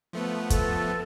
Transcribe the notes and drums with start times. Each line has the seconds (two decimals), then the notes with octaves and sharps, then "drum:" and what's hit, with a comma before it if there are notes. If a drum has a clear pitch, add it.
0.13 F3 A3 B3
0.50 A4, drum: kick, hi-hat